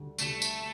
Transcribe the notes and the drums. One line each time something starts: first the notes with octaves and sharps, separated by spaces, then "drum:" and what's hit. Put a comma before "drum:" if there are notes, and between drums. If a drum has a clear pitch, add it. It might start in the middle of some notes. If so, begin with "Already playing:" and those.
Already playing: D2 D3 G3
D2 D3 G3 A3, drum: tambourine
drum: tambourine